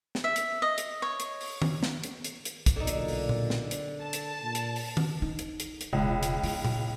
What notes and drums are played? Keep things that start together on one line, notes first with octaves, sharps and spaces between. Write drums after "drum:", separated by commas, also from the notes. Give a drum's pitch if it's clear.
drum: snare
E5
drum: hi-hat
D#5
drum: hi-hat
C#5
drum: hi-hat
drum: open hi-hat
drum: tom D#3
drum: snare
drum: hi-hat
drum: hi-hat
drum: hi-hat
drum: kick, hi-hat
B1 A#2 D3 D#4
drum: hi-hat
drum: open hi-hat
drum: tom A#2
drum: snare
drum: hi-hat
A5
drum: hi-hat
A#2
drum: hi-hat
drum: open hi-hat
drum: tom D#3
D#4
drum: hi-hat
drum: hi-hat
drum: hi-hat
E1 C#2
drum: hi-hat
B3 E4, drum: open hi-hat
drum: tom A#2